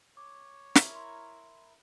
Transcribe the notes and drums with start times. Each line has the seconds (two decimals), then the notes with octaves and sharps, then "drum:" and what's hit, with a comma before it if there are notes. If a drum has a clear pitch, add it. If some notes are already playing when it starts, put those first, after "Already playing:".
0.17 C#5 D6
0.75 E4 A#4, drum: snare
0.95 C6